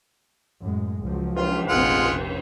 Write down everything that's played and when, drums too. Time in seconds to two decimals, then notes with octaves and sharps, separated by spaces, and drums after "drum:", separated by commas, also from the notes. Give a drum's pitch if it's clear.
0.62 F#2 A2 G#3
1.04 C#2 F3 F#3
1.36 F4, drum: cymbal
1.69 F1 A#1 G#3 C4 F4 F#5
2.06 F1